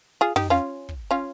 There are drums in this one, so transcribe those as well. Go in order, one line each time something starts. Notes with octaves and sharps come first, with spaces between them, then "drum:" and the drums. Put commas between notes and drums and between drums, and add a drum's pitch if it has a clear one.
F4 G#4
D#4 G4, drum: tom
C#4 F4
drum: kick
C#4 F4